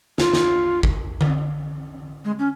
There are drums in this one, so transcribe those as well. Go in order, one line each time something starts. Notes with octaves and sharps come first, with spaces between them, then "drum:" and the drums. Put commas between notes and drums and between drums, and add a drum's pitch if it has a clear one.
F4, drum: snare
drum: snare
drum: kick G1
drum: tom D3
G#3
C#4